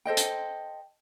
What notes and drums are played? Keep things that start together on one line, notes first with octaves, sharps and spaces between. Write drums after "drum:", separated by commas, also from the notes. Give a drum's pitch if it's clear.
A4 C5 D#5 G5
drum: hi-hat